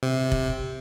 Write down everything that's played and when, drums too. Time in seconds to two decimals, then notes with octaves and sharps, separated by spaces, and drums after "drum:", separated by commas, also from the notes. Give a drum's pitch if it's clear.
0.03 C3
0.32 drum: kick F1